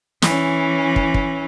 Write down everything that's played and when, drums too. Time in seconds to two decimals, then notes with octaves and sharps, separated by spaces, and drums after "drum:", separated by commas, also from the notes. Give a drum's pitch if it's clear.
0.22 E3 C#4, drum: snare
0.96 drum: kick
1.14 drum: kick